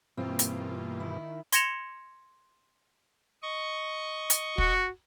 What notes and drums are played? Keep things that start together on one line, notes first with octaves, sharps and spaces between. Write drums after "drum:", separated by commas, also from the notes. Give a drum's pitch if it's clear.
G2 B2 E3 A#3 C4 F4
drum: hi-hat
D#3 E4
C6 G#6 A#6 C#7 E7 F7, drum: hi-hat
D#5 C#6
drum: hi-hat
F#4, drum: kick